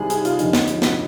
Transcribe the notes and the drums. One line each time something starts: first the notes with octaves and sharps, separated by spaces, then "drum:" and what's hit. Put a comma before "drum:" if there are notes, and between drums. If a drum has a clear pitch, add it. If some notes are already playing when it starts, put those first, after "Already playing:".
Already playing: C2 C3 D#3 G3 G#4
G#4, drum: hi-hat
F4, drum: hi-hat
G1 F2 D3 D#4, drum: hi-hat
drum: snare
drum: hi-hat
drum: snare